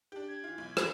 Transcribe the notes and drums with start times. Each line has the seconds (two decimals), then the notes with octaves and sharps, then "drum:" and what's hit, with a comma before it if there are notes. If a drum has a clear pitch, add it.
0.12 D4 G4
0.28 G#6
0.44 E3 F4
0.58 B1
0.77 G#6, drum: rim click